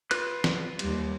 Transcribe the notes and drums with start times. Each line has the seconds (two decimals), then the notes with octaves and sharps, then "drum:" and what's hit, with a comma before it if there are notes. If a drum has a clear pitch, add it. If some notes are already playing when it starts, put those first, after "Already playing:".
0.11 F4 B4 F#6, drum: cymbal
0.44 drum: snare
0.79 D#2 G3, drum: cymbal